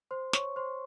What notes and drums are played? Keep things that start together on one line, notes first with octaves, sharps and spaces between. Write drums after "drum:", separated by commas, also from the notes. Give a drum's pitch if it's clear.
C5 C6
C#5 C#6, drum: snare
C5 C6